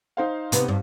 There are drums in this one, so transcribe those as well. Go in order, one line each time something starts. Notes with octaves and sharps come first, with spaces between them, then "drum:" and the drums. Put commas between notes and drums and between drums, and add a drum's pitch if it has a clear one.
D#4 C5 F5
C3 B3, drum: hi-hat
G2